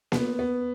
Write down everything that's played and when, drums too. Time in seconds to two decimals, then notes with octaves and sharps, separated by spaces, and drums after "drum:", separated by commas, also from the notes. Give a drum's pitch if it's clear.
0.12 B3, drum: snare A#3
0.39 B3